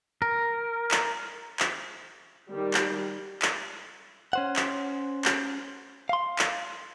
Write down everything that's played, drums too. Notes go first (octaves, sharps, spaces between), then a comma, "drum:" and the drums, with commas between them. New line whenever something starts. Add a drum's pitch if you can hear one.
A#4
drum: clap
drum: clap
D#3 G3
drum: clap
drum: clap
C#4 C5 F#5
drum: clap
drum: clap
F5 C6
drum: clap